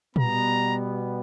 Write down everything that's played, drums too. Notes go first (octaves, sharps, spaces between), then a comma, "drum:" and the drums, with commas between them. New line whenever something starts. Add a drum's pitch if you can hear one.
B2 G3 B3 A#5, drum: tom A#2